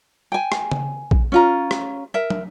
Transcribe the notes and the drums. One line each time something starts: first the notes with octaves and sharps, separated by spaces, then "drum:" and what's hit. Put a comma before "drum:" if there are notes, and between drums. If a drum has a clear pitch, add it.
G5 G#5
drum: rim click
drum: tom C#3
drum: kick A#1
C#4 F4 A#5
drum: rim click
A#4 E5
drum: tom